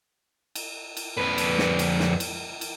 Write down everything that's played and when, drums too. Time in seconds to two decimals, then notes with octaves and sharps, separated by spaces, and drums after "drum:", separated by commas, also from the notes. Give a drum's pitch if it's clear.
0.55 drum: cymbal
0.97 drum: cymbal
1.17 F2 B4
1.38 drum: cymbal
1.58 drum: snare
1.79 drum: cymbal
2.00 drum: snare
2.20 drum: cymbal
2.61 drum: cymbal